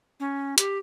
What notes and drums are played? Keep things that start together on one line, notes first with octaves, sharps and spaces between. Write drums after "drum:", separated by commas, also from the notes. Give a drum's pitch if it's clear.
C#4
G4, drum: hi-hat